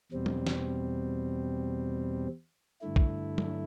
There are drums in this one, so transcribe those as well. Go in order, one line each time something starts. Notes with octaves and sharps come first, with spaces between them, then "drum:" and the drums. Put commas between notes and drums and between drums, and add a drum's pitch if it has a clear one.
E2 B2 G3 C4
drum: tom F#3
drum: snare
G2 D3 A3 E4
drum: kick
drum: tom F#3